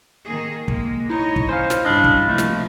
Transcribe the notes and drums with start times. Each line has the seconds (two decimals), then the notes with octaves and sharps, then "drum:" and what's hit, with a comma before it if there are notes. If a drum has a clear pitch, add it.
0.24 D#3 A#3 G#4
0.68 G#3 A#3, drum: kick
1.10 D#4 E4 C#5 D#5
1.36 drum: kick
1.49 C#4 C5 F5
1.70 drum: snare
1.85 G2 C#3 D4 D#5 F5 B5
2.04 drum: kick
2.28 C3 F3 A3 A#3
2.38 drum: snare